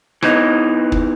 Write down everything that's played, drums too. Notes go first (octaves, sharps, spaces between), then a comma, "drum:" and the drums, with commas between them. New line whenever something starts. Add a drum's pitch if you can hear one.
E3 B3 D#4, drum: rim click
drum: kick